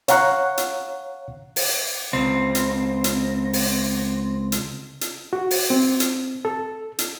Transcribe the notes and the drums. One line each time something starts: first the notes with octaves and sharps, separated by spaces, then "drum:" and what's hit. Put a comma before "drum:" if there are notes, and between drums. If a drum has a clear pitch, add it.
C#5 F5 F#5 A#5 C#6 F#6, drum: hi-hat
drum: hi-hat
drum: open hi-hat
C#2 C4
drum: hi-hat
drum: hi-hat
drum: open hi-hat
drum: hi-hat
drum: hi-hat
F#4
drum: open hi-hat
C4
drum: hi-hat
A4
drum: hi-hat